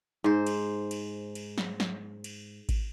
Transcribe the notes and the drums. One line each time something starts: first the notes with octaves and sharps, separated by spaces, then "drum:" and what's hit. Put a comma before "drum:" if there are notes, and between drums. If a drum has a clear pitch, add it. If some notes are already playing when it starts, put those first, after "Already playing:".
G#2 C5
drum: cymbal
drum: cymbal
drum: cymbal
drum: snare
drum: snare
drum: cymbal
drum: kick G#1, cymbal